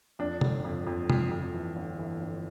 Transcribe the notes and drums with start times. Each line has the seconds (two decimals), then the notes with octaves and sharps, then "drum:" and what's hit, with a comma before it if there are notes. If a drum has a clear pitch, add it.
0.19 F2 D4
0.41 G1, drum: tom C3
0.65 F2
0.87 F2
1.10 F2, drum: tom C3
1.31 F2
1.54 E3
1.76 G1
1.99 E3
2.21 G1